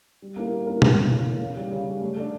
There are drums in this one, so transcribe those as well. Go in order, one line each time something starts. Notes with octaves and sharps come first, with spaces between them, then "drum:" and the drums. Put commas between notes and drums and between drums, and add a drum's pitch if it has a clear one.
G3
A#3 C#4 E4 A#4
G3
A#3 C#4 E4 A#4
C#3, drum: tom B2
E3 A#3
C#3
E3 A#3
C#3
G3 C#4
C#3
G3 C#4
A3
D4 A4